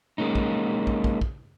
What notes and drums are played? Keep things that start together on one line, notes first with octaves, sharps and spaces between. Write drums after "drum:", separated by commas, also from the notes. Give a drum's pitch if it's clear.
G#3 A#3 C#4 D#4
drum: kick
drum: kick
drum: kick
drum: kick